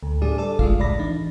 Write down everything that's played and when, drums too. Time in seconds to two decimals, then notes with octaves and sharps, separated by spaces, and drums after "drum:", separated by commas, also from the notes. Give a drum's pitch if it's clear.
0.03 D2
0.21 A2 G3 D4 G#4 A4
0.38 A4 D5
0.59 G#3 A3 F4 F5, drum: kick G#1
0.78 C#2 A2 D5 B5 A#6
0.99 E3 D4 D#4